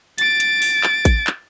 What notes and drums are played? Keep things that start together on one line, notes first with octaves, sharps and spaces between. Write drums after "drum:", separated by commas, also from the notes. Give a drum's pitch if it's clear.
A6 D7, drum: hi-hat
drum: hi-hat
drum: open hi-hat
drum: clap
drum: kick A1, hi-hat
drum: clap